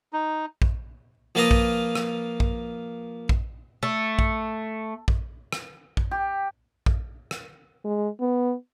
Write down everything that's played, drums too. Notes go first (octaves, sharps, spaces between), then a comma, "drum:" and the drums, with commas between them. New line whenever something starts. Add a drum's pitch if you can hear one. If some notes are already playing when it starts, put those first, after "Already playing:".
D#4
drum: kick A#1
F3 A#3 F4 B4 A#5 D#6
drum: kick A#1
drum: rim click
drum: kick A#1
drum: kick A#1
A3
drum: kick A#1
drum: kick A#1
drum: rim click
drum: kick A#1
G4
drum: kick A#1
drum: rim click
G#3
B3